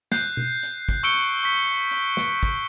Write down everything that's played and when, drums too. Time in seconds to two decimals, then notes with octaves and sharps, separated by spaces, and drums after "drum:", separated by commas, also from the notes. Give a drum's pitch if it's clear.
0.12 F#6 G6 C7, drum: snare
0.37 drum: tom B2
0.63 drum: hi-hat
0.89 drum: kick, hi-hat
1.03 C#6 E6 C#7 D7 G7
1.14 drum: hi-hat
1.43 C#6 B6
1.66 drum: open hi-hat
1.91 drum: hi-hat
2.17 drum: snare
2.43 drum: kick, hi-hat